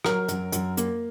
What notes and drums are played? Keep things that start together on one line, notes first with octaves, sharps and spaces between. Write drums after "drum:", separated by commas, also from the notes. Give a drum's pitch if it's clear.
F#3 A#4, drum: rim click
F#2, drum: hi-hat
F#2, drum: hi-hat
A#3, drum: hi-hat